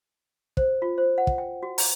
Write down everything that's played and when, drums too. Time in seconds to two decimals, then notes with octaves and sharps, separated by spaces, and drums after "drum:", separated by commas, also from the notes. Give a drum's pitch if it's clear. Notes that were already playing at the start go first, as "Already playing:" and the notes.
0.57 C5, drum: kick
0.82 F4
0.98 C5
1.18 F#5
1.27 drum: kick
1.38 G5
1.63 F#4
1.78 A#5, drum: open hi-hat